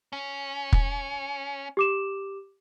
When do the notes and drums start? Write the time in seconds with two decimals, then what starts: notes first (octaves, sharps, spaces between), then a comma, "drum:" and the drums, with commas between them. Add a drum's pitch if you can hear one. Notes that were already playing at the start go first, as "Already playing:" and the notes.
0.13 C#4
0.73 drum: kick
1.77 G4 D6 E7